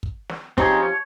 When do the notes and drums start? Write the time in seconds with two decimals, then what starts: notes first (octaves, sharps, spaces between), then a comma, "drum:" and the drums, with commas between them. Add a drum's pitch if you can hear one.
0.03 drum: kick
0.29 drum: snare
0.58 F3 C4 C#4 D#4 G4 G#4, drum: kick
0.83 C#5